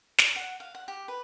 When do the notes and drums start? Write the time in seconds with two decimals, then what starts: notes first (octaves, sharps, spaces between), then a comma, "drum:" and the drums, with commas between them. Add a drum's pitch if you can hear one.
0.19 C#6, drum: snare
0.36 F#5
0.60 F5
0.75 F#5
0.88 G4
1.08 B4